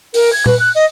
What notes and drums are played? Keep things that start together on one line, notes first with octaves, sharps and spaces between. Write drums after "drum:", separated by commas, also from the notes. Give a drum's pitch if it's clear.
A#4, drum: open hi-hat
G#6
B4, drum: tom A#2
F#6
D#5